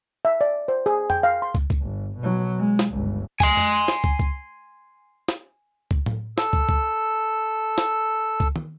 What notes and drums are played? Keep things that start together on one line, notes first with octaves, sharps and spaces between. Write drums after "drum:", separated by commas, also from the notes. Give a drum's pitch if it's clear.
E5
D5
C5
G#4
G5, drum: tom F2
F5
C6
drum: kick
drum: kick
G1
B2 F#3
G#3
drum: snare
G1 C#2
G#5 C6, drum: kick
drum: tom F2
drum: snare
drum: kick
drum: kick
drum: snare
drum: kick
drum: tom A2
A4 E6, drum: snare
drum: kick
drum: kick
drum: snare
drum: kick
drum: tom